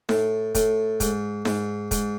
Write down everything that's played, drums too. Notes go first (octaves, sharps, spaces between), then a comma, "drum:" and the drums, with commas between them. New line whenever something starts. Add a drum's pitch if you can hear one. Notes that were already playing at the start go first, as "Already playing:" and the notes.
A2, drum: snare D#4
A2, drum: kick, hi-hat
G#2, drum: kick, hi-hat
G#2, drum: snare D#4
G#2, drum: kick, hi-hat